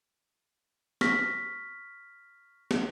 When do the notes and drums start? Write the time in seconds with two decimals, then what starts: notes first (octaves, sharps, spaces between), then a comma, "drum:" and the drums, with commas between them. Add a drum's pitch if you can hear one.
1.01 C#6 F6 A#6 B6, drum: snare
2.71 drum: snare